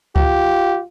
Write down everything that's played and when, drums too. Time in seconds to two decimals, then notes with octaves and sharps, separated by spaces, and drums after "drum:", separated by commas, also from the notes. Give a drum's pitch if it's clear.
0.16 F4 G4, drum: kick C#2